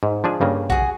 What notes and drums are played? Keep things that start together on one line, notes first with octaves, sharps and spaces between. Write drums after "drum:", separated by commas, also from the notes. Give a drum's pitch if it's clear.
G#2
F3 D4 G#4
G2 C#3 A#3
F#4 G#4, drum: kick A#1